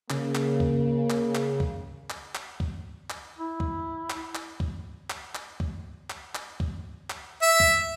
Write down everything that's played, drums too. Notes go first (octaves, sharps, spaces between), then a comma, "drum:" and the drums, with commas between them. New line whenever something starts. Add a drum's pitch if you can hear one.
C#3 A#3, drum: clap
drum: clap
drum: kick C#2
drum: clap
drum: clap
drum: kick C#2
drum: clap
drum: clap
drum: kick C#2
drum: clap
E4
drum: kick C#2
drum: clap
drum: clap
drum: kick C#2
drum: clap
drum: clap
drum: kick C#2
drum: clap
drum: clap
drum: kick C#2
drum: clap
E5
drum: kick C#2